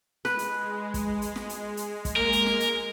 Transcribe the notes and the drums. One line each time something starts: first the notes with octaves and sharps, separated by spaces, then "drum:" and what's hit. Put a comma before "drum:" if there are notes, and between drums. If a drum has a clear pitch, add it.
G#3 B4, drum: snare
drum: hi-hat
drum: kick, hi-hat
drum: hi-hat
drum: snare
drum: hi-hat
drum: hi-hat
drum: kick, hi-hat
A#3 A#4
drum: hi-hat
drum: snare
drum: hi-hat